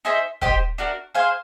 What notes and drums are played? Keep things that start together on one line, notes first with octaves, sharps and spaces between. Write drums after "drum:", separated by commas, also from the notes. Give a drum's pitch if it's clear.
D#4 G#4 C5 E5
G4 C5 D#5 G5, drum: kick
D4 F#4 A#4
G#4 C5 F5 G#5